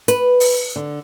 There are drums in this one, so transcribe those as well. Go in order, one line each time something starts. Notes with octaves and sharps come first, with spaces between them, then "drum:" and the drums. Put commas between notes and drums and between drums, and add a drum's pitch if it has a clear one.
B4, drum: hi-hat
drum: open hi-hat
D3